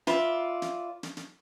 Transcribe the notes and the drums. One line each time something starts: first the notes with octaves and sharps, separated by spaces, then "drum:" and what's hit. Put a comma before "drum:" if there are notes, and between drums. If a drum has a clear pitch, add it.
F4 B4 D5 E5, drum: snare
drum: snare
drum: snare
drum: snare